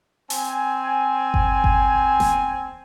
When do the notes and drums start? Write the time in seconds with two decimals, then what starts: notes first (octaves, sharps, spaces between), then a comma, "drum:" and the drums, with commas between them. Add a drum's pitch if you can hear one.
0.30 C4 G#5, drum: open hi-hat
1.34 drum: kick G1
1.64 drum: kick G1
2.20 drum: snare E1